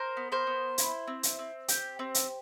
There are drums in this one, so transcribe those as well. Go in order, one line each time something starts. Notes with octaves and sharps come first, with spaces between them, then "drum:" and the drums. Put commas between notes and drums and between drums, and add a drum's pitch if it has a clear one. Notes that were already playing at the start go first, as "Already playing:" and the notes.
Already playing: A#4 C5
B3
A#4 C5
B3
E4, drum: hi-hat
C4
drum: hi-hat
C4
G4, drum: hi-hat
C4
drum: hi-hat